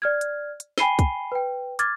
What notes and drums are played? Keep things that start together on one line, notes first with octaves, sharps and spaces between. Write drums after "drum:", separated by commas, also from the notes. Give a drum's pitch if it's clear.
D5 F6 G#6
drum: hi-hat
drum: hi-hat
G5 G#5 B5 C7 D#7 G7, drum: snare
drum: kick, hi-hat
B4 G5
D6 F6 G#6 A6, drum: hi-hat